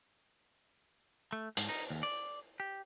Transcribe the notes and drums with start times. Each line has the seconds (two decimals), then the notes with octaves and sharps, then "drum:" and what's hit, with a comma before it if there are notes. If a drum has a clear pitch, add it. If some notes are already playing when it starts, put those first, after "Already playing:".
1.33 A3
1.57 G#2, drum: hi-hat
1.69 D#4
1.90 D#2
2.03 D5
2.60 G4